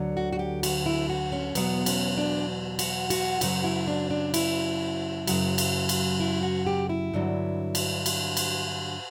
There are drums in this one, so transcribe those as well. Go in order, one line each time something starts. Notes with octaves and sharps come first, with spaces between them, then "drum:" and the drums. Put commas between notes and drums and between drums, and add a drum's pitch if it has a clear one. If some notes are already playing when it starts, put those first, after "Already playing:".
Already playing: D2 D3 F#3
F#4
F#4
G4
F#4, drum: cymbal
E4
F#4
C#4
E2 B2 F#3 B3, drum: cymbal
C#4, drum: cymbal
D4
F#4, drum: cymbal
F#4, drum: cymbal
F#2 C#3 F#3 F#4, drum: cymbal
E4
D4
D4
E4, drum: cymbal
F#2 C#3 F#3, drum: cymbal
drum: cymbal
drum: cymbal
E4
F#4
G4
E4
G2 D3 F#3
drum: cymbal
drum: cymbal
drum: cymbal